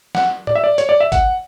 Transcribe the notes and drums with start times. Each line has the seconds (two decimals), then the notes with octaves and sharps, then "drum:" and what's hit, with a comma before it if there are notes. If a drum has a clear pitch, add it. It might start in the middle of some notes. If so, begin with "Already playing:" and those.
0.15 F#5, drum: snare
0.47 D5, drum: tom
0.55 E5
0.64 D5
0.78 C#5, drum: hi-hat
0.89 D5
1.00 E5
1.12 F#5, drum: kick, hi-hat